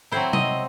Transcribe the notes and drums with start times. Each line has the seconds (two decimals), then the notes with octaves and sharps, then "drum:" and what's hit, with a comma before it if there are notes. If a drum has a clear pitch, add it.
0.12 F#3 C4 E4 C5
0.33 D#5, drum: tom C3